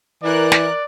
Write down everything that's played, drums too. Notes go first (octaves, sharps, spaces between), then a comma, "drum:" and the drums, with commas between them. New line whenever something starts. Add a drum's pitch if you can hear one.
E3 A#4 D5 F#6
drum: snare